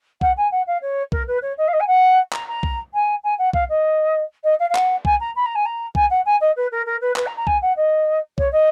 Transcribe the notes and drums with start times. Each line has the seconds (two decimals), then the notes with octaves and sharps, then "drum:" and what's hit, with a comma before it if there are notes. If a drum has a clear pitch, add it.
0.21 F#5, drum: kick B1
0.37 G#5
0.51 F#5
0.67 F5
0.82 C#5
1.12 A#4, drum: kick B1
1.27 B4
1.42 C#5
1.58 D#5
1.68 F5
1.73 D#5
1.80 G#5
1.87 F#5
2.33 A#5, drum: clap
2.48 A#5
2.63 drum: kick B1
2.94 G#5
3.24 G#5
3.39 F#5
3.53 F5, drum: kick B1
3.69 D#5
4.44 D#5
4.60 F5
4.70 F5
4.75 F#5, drum: clap
5.05 G#5, drum: kick B1
5.20 A#5
5.36 B5
5.46 A#5
5.55 G#5
5.66 A#5
5.95 G#5, drum: kick B1
6.10 F#5
6.26 G#5
6.41 D#5
6.56 B4
6.72 A#4
6.86 A#4
7.01 B4
7.16 B4, drum: clap
7.26 A#5
7.37 A#5
7.47 G#5, drum: kick B1
7.62 F#5
7.77 D#5
8.38 C#5, drum: kick B1
8.52 D#5